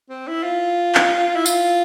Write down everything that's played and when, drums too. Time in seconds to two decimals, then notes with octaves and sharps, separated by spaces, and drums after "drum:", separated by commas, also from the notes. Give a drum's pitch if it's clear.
0.10 C4
0.27 E4
0.43 F4
0.95 drum: clap
1.36 E4
1.46 F4, drum: tambourine